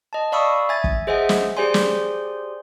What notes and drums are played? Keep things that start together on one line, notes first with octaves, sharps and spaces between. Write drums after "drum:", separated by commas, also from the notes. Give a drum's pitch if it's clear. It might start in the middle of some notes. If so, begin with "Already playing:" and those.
D#5 A5
D5 F5 B5 C#6 D#6 E6
E5 G#5 G#6 A6
drum: kick
G#4 C5 D#5 E5 F#5 G#5
drum: snare
G4 G#4 C5 D5 G#5 C6
drum: snare